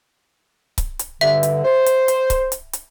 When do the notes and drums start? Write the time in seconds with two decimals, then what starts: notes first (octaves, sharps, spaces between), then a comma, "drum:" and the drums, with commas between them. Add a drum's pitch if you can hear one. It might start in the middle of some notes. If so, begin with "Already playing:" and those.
0.78 drum: kick C#1, hi-hat
0.99 drum: hi-hat
1.21 G2 D3 E5
1.43 drum: hi-hat
1.65 C5
1.86 drum: hi-hat
2.08 drum: hi-hat
2.30 drum: kick C#1, hi-hat
2.52 drum: hi-hat
2.73 drum: hi-hat